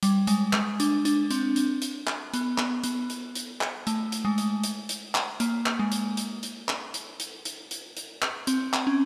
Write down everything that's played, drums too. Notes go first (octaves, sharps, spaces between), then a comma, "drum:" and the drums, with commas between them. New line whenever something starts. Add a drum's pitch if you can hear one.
G3, drum: hi-hat
G#3, drum: hi-hat
G#3, drum: clap
D4, drum: hi-hat
D4, drum: hi-hat
C4, drum: hi-hat
drum: hi-hat
drum: hi-hat
drum: clap
B3, drum: hi-hat
B3, drum: clap
B3, drum: hi-hat
drum: hi-hat
drum: hi-hat
drum: clap
A3, drum: hi-hat
drum: hi-hat
G#3
drum: hi-hat
drum: hi-hat
drum: hi-hat
drum: clap
A#3, drum: hi-hat
drum: clap
G#3
drum: hi-hat
drum: hi-hat
drum: hi-hat
drum: clap
drum: hi-hat
drum: hi-hat
drum: hi-hat
drum: hi-hat
drum: hi-hat
drum: clap
C4, drum: hi-hat
drum: clap
C#4